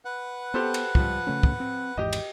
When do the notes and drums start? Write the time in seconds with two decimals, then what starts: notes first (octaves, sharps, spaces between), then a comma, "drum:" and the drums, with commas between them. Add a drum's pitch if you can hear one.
0.05 B4 F#5
0.54 B3 G4 A4 C5
0.74 drum: cymbal
0.95 C#2 F3 G3, drum: kick
1.27 C#3 A3 C#4
1.43 drum: kick
1.60 C4
1.97 G#1 E2 G#2 G4 D#5
2.13 drum: cymbal